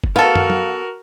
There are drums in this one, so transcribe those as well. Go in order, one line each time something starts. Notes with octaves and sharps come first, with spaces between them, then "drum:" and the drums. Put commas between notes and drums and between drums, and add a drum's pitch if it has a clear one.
drum: kick
B3 F#4 A4 A#4 F5
drum: tom
drum: tom F#3